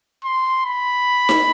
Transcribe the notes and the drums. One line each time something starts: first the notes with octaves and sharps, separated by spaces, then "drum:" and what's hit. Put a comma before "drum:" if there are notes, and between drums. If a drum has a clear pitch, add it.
C6
B5
drum: snare D#4